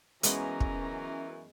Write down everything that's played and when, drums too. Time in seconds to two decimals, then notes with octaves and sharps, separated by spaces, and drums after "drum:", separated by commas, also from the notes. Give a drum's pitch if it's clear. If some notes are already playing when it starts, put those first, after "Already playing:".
0.23 F#2 E3 G#3 B3 C#4 A#5, drum: hi-hat
0.60 drum: kick